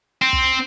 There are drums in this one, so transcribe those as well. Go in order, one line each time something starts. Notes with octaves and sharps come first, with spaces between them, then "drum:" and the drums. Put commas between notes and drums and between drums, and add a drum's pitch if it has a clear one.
C4
drum: kick